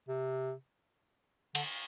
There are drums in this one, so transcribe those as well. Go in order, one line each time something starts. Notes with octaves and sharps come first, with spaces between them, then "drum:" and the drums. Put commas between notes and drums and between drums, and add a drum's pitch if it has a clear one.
C3
D3, drum: cymbal